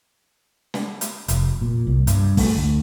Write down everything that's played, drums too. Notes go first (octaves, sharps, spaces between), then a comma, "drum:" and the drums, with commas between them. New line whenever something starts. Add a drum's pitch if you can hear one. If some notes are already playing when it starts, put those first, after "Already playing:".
drum: snare
drum: hi-hat
F1, drum: hi-hat
A#2
C2
G2, drum: hi-hat
A3, drum: kick, open hi-hat
D2